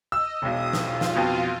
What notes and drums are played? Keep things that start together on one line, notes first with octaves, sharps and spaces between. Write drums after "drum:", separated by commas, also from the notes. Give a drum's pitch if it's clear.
D#5 E6
E1 B1 D#6
F4, drum: snare
drum: snare
F2 B2